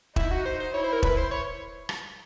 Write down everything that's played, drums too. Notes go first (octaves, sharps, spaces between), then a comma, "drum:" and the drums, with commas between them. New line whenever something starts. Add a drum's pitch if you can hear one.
D#4 E4, drum: kick E1
F#4
C5
C5
E4 C#5
C5
A#4
B4, drum: kick E1
C5
C#5
drum: rim click